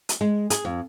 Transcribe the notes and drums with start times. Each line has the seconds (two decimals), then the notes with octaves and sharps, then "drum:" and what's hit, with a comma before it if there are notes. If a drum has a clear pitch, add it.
0.09 drum: hi-hat
0.21 G#3
0.50 G#4, drum: hi-hat
0.65 F2